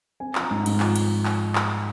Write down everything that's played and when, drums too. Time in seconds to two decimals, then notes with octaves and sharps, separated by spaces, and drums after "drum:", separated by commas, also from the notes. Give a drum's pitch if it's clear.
0.20 C4 G#5
0.35 F3, drum: clap
0.41 A#5
0.51 G#2
0.61 A#5
0.66 G#2, drum: cymbal
0.80 F3, drum: clap
0.96 drum: cymbal
1.26 drum: clap
1.55 drum: clap